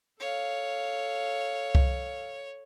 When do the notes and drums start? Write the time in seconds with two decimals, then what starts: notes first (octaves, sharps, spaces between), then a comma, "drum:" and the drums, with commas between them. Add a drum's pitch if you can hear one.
0.20 A4 C#5 F5
1.75 drum: kick C2